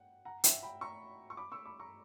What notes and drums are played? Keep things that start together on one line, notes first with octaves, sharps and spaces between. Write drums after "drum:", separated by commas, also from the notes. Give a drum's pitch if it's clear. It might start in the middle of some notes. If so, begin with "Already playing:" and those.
Already playing: F#5 G5
F#5 A#5
E5 G5, drum: hi-hat
G5 B5
A#5 C#6
C#6
B5 D6
C#6 E6
B5 D6
A#5 C#6